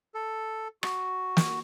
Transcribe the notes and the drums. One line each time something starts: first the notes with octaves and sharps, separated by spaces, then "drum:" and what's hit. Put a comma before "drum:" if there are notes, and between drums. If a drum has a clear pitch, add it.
A4
F#4, drum: rim click
drum: snare